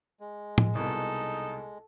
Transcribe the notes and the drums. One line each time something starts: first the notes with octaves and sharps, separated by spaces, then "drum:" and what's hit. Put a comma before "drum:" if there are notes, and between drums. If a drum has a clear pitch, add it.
G#3
drum: tom A2
C2 B2 D#4 A4